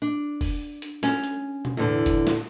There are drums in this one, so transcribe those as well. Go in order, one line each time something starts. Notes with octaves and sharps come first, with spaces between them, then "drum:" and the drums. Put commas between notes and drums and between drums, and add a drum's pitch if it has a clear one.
D4
drum: kick F1, open hi-hat
drum: hi-hat
C#4, drum: snare
drum: hi-hat
drum: tom B2
E2 A2 D3
drum: kick F1, hi-hat
drum: snare